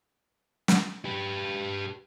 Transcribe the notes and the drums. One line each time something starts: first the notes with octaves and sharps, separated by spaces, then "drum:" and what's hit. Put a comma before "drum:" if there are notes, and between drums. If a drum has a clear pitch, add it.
drum: snare
G4 B4